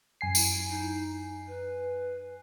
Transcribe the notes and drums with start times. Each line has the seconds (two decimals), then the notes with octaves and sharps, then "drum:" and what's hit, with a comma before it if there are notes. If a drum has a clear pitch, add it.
0.21 F#2 G#5 C7
0.35 E4, drum: tambourine
0.69 D#4
1.48 B4